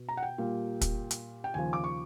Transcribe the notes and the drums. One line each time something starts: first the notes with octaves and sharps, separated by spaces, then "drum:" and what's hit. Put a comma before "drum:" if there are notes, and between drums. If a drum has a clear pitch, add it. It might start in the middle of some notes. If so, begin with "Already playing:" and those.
Already playing: B2
A#5
F#5
G5
A#2 G3 A#3
drum: kick, hi-hat
drum: hi-hat
G5
D#2 C#3 F3 G#5
D6
C#6